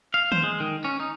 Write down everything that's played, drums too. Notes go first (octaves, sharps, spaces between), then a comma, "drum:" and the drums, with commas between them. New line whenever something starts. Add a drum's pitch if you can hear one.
F5
C5, drum: tom D#3
G#3
D#3
C#4
D#4